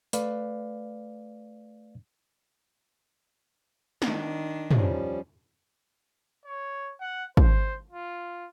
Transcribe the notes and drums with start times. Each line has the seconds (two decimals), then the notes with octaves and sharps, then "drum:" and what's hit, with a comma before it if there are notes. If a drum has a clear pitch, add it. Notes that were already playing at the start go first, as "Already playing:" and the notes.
0.13 A3 B4 D5 F5, drum: hi-hat
4.02 D#3 D4, drum: snare
4.71 F3 G3 C#4, drum: tom
6.45 C#5
7.01 F#5
7.37 C5, drum: kick
7.90 F4